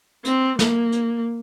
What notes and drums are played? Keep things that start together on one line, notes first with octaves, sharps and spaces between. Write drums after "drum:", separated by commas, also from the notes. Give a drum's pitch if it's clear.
C4, drum: hi-hat
A#3, drum: snare
drum: hi-hat